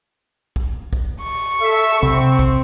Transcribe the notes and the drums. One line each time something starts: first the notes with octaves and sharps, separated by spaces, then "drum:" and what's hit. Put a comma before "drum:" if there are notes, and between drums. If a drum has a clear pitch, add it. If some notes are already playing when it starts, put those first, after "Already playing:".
drum: kick
drum: kick
C#6
A4 E5
C3 C4, drum: kick
drum: kick